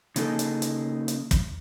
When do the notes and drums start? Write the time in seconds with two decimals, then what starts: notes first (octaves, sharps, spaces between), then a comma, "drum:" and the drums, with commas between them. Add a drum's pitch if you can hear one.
0.16 C#3 A#3 D#4 G#4 A4, drum: hi-hat
0.39 drum: hi-hat
0.62 drum: hi-hat
1.08 drum: hi-hat
1.31 drum: kick, hi-hat